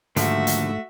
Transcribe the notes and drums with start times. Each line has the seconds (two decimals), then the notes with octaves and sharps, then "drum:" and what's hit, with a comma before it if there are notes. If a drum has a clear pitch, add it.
0.16 D#2 G#2 D3 F3 A3 F#4 E5, drum: hi-hat
0.47 drum: hi-hat